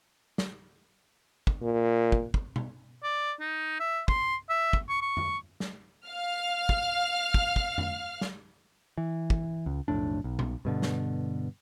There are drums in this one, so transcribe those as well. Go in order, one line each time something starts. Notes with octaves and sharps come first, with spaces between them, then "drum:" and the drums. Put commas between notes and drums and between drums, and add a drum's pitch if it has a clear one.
drum: snare
drum: kick
A#2
drum: kick
drum: kick
drum: tom B2
D5
D#4
E5
C6, drum: kick
E5
drum: kick
C#6
C#6
drum: tom F2
drum: snare
F5 F6
drum: kick
drum: kick
drum: kick
drum: tom F2
drum: snare
E3
drum: kick
C#2
B1 F2 A2 D4
B1
drum: tom B2
G2 B2 D3
drum: snare